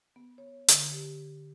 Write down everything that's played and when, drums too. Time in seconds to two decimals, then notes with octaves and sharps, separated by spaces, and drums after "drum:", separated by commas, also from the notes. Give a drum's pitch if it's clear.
0.16 B3
0.38 C#5
0.68 D3, drum: hi-hat
0.92 G4